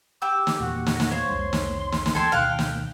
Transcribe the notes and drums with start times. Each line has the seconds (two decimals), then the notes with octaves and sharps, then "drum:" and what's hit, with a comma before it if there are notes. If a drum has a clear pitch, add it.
0.22 G4 D6 E6
0.47 drum: snare
0.60 E2 A#2 F#4
0.86 drum: snare
1.00 drum: snare
1.11 C5 C#5 F5
1.29 C2 F2 G#3 C6
1.53 drum: snare
1.92 drum: snare
2.06 drum: snare
2.15 D2 E3 G#3 A4 G5 G#5 C6
2.32 D2 B2 D#3 F5 F#6
2.59 drum: snare